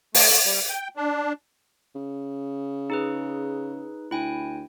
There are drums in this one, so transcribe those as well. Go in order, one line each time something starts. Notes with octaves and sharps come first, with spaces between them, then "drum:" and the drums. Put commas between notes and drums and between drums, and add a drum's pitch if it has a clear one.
A3, drum: open hi-hat
G3
G5
D4
C#3
D#4 G#4 B4
D2 E4 G5 G#5